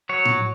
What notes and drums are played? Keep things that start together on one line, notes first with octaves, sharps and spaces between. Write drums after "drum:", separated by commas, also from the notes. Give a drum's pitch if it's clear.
F#3 C#5
drum: tom A2